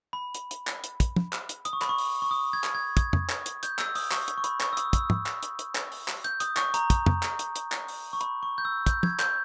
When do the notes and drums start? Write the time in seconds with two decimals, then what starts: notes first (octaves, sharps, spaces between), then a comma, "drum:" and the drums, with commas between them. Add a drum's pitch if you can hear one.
0.13 B5
0.35 drum: hi-hat
0.51 drum: hi-hat
0.67 drum: clap
0.84 drum: hi-hat
1.00 drum: kick, hi-hat
1.16 drum: tom
1.33 drum: clap
1.49 drum: hi-hat
1.65 D#6, drum: hi-hat
1.73 C#6
1.82 B5, drum: clap
1.89 C#6
1.98 drum: open hi-hat
2.22 C#6
2.31 D#6
2.53 G#6
2.64 drum: clap
2.75 G#6
2.97 G#6, drum: kick, hi-hat
3.13 drum: tom
3.29 drum: clap
3.46 drum: hi-hat
3.63 G6, drum: hi-hat
3.79 E6, drum: clap
3.95 D#6, drum: open hi-hat
4.11 C#6, drum: clap
4.28 drum: hi-hat
4.38 C#6
4.44 B5, drum: hi-hat
4.61 C#6, drum: clap
4.73 E6
4.77 D#6, drum: hi-hat
4.93 E6, drum: kick, hi-hat
5.10 drum: tom
5.26 drum: clap
5.43 drum: hi-hat
5.59 drum: hi-hat
5.75 drum: clap
5.92 drum: open hi-hat
6.08 drum: clap
6.24 G6, drum: hi-hat
6.40 D#6, drum: hi-hat
6.57 C#6, drum: clap
6.74 A#5, drum: hi-hat
6.90 drum: kick, hi-hat
7.06 drum: tom
7.23 drum: clap
7.39 drum: hi-hat
7.56 drum: hi-hat
7.72 drum: clap
7.88 drum: open hi-hat
8.13 C#6
8.21 B5, drum: hi-hat
8.43 C#6
8.58 G6
8.65 E6
8.86 G6, drum: kick, hi-hat
9.03 G#6, drum: tom
9.20 G6, drum: clap